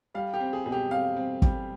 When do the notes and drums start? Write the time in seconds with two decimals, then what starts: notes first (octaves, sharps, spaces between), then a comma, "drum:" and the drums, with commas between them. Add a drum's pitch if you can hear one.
0.14 G3 F5
0.34 G4
0.40 C4
0.53 G#4
0.66 B2 G#4
0.72 G4
0.91 C4 F5
1.16 C4
1.42 G3, drum: kick